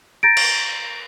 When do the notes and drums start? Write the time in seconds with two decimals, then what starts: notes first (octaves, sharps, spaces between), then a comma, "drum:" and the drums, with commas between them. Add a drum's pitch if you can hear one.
0.23 A#5 G6 A6 A#6 D7
0.37 drum: cymbal